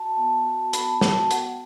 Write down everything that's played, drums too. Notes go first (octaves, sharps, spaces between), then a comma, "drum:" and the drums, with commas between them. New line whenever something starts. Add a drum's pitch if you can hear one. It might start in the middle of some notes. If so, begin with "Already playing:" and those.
Already playing: F#4 A5
B3
F#4
B3 B5, drum: hi-hat
A5
B5
F#4 A5, drum: snare
B3 F#5, drum: hi-hat
G5
F#5